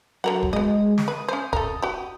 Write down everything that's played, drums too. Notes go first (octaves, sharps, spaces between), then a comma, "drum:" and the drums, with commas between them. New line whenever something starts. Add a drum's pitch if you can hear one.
D3 F#3 A#4 F#5
drum: kick
G#3 B3 D#5
drum: snare
B4 D#6
C#4 C5
A4 A#4, drum: kick
F#4 G4